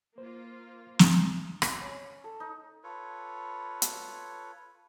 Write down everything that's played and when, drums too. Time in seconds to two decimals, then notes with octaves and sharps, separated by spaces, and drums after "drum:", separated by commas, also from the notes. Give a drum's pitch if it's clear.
0.18 A#3 F4 C5
0.99 drum: snare
1.62 drum: rim click
1.81 C#4
2.24 A4
2.40 D#4
2.84 F4 A4 B4 C#5
3.82 drum: hi-hat